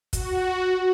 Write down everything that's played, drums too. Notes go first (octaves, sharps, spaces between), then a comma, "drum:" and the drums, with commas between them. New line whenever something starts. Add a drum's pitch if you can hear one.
F#4, drum: kick, hi-hat